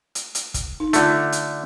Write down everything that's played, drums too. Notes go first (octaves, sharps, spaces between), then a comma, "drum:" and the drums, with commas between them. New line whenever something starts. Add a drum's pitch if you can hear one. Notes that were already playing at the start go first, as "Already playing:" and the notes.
drum: hi-hat
drum: hi-hat
drum: kick, hi-hat
D#4
D3 A3 F4, drum: hi-hat
drum: hi-hat